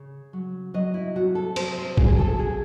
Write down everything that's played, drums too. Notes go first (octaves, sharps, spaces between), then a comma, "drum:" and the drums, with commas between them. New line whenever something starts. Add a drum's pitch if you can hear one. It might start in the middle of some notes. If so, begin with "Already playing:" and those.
Already playing: C#3
F#3
F#3 D#5
E4
C3 F#4
A4
F#3 C5, drum: cymbal
C5
F#3 G#4, drum: kick A1
G#4
A4
C3 G#4